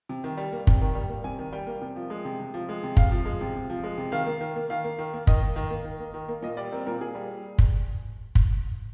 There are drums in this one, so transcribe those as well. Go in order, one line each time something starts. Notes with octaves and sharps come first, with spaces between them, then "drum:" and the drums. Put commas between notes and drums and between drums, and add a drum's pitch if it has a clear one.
C3
D#3
G3
A#3
C3, drum: kick
D#3
G3
A#3
C3 G#5
D#3
G3 G5
A#3
C3
F3
G#3
C3
C3
F3
G#3
C3
C3 F5, drum: kick
F3
G#3
C3
C3
F3
G#3
C3
D#3 F5
A#3
D#3
A#3
D#3 F5
A#3
D#3
A#3
D#3 D#5, drum: kick
A#3
D#3
A#3
D#3
A#3
D#3
A#3
A#2 D#5
G3 D5
C4 A#4
A#2 A#4
A#2 G#4
G3
drum: kick
drum: kick